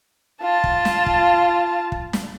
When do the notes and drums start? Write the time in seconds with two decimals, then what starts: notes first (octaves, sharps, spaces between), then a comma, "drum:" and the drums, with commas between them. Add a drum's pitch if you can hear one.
0.42 F4 A5
0.64 drum: kick
0.85 drum: snare
1.06 drum: kick
1.92 drum: kick
2.13 drum: snare